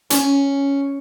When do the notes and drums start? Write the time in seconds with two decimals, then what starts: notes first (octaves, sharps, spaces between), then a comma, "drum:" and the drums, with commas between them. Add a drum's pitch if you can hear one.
0.10 C#4, drum: hi-hat